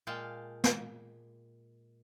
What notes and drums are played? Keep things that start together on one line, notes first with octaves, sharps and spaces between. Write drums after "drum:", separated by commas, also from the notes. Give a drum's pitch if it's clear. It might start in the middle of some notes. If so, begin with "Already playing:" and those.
A#2 G#3 F5 G5 A5
drum: snare